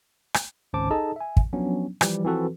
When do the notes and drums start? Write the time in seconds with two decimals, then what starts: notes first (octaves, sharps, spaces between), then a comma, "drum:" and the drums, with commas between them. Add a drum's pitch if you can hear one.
0.34 drum: rim click
0.73 G#1 C#2 C#4 C5 A5 D6
0.90 D#4 G#4 A4 D#5 A5
1.16 E5 G#5
1.37 drum: kick
1.53 F3 F#3 B3 C#4 D4
2.01 E3 F3 G3, drum: rim click
2.25 E3 F3 C4 F#4 A4 B4